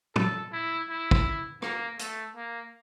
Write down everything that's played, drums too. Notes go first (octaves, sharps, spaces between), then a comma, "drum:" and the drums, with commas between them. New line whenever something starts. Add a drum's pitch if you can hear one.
A4, drum: tom
E4
E4
drum: kick
A#3, drum: rim click
A3, drum: hi-hat
A#3